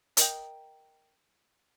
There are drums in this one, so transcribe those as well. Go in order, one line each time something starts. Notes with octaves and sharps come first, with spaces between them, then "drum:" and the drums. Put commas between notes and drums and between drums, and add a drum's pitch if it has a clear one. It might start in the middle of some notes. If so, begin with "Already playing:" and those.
A#4 D#5 G5, drum: hi-hat